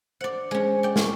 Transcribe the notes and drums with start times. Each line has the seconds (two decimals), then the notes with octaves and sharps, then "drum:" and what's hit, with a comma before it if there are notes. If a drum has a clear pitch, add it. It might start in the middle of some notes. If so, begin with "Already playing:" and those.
0.21 C5 D5 F#5
0.51 G#3 C#4 C5
0.83 D5 G5
0.96 C#6, drum: snare